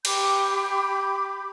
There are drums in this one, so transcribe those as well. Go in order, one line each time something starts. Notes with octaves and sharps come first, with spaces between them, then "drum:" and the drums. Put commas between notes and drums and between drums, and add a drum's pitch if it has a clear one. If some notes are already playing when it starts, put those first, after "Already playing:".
G4 B5 D6 G6, drum: cymbal